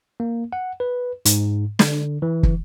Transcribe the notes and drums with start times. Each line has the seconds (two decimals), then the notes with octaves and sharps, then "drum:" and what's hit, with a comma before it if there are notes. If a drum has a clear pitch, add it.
0.20 A#3
0.53 F#5
0.80 B4
1.25 G#2, drum: hi-hat
1.79 D3, drum: snare
2.22 E3
2.43 drum: kick